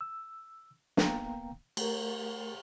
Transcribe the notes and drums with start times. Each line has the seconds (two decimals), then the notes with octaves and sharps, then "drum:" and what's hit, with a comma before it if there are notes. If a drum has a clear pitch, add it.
0.01 E6
0.97 A#3 B3 F5 G5 A#5, drum: snare
1.77 A3 A#4, drum: cymbal